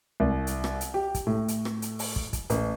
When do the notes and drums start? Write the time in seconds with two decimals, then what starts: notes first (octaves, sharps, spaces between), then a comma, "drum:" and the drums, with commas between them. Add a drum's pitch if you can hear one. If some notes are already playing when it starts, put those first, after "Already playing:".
0.20 C2
0.47 drum: hi-hat
0.64 drum: rim click
0.81 drum: hi-hat
0.94 G4
1.15 drum: kick, hi-hat
1.27 A2
1.48 drum: hi-hat
1.65 drum: rim click
1.82 drum: hi-hat
1.99 drum: open hi-hat
2.16 drum: kick
2.33 drum: kick, hi-hat
2.50 A1, drum: hi-hat